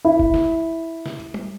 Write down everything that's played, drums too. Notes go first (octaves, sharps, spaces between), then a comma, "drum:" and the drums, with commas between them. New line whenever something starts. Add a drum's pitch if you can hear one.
E4
drum: kick F1
drum: snare
drum: snare
drum: tom